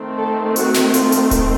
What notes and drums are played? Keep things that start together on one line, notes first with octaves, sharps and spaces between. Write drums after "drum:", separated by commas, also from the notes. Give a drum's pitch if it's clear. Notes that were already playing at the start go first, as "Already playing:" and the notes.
Already playing: D#3 A3 C4
A4
F#4, drum: hi-hat
drum: snare
F4, drum: hi-hat
drum: hi-hat
drum: kick D1, hi-hat